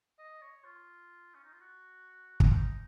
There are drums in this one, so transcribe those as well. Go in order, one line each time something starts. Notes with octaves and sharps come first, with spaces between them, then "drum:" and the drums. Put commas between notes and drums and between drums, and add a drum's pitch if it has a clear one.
D#5
C#5
F4
C#4
D#4
F4
F#4
drum: kick
C#4
D#4